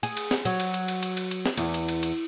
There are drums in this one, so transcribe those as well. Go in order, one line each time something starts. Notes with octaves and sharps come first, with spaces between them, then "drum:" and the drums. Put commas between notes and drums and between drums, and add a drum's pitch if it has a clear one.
G#4, drum: cymbal
drum: cymbal
drum: snare
F#3, drum: cymbal
drum: cymbal
drum: cymbal
drum: cymbal
drum: cymbal
drum: cymbal
drum: cymbal
drum: snare
E2, drum: cymbal
drum: cymbal
drum: cymbal
drum: cymbal